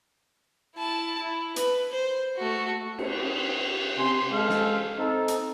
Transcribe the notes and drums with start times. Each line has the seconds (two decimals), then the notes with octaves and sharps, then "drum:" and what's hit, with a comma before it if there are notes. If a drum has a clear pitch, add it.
0.76 E4 A5
1.19 E4
1.56 B4, drum: hi-hat
1.92 C5
2.36 A3 F#4
2.98 drum: cymbal
3.97 C3 C4 G#5 C6
4.32 G#3 A4 C5 F5
4.49 drum: snare
4.99 C4 D#4 A4
5.28 drum: hi-hat